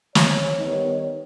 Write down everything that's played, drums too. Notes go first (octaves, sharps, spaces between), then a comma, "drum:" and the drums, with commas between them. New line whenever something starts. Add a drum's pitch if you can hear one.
C#5, drum: snare
D#3 G3 B3 D#4